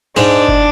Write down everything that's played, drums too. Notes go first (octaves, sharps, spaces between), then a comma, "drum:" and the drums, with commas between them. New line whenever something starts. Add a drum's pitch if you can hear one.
G#2 G#3 D4, drum: snare
drum: kick F#1